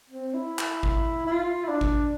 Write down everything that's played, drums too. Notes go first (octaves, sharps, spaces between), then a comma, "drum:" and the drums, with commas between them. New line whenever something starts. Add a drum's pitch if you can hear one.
C4
E4
drum: clap
drum: kick G#1
E4
F4
E4
D4
drum: kick G#1